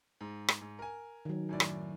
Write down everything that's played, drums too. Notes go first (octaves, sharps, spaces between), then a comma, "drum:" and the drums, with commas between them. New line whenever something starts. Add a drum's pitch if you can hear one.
G#2
drum: rim click
G#2
A#4 G#5
D#3 F#3
F#2 A2 D5
drum: rim click